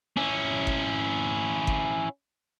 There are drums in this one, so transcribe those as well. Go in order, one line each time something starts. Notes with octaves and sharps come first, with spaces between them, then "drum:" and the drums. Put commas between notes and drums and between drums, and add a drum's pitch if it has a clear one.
C#4 E4
drum: kick G1
drum: kick G1